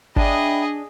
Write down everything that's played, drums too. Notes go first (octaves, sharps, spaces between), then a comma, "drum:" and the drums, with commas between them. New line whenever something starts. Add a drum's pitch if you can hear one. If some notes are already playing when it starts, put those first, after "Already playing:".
D4 G#4 D#5 E5 G5 B5, drum: kick G#1